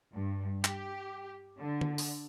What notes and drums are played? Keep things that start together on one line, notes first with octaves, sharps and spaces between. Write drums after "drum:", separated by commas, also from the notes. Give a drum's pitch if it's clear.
G2
G4, drum: clap
D3
drum: tom D3
drum: open hi-hat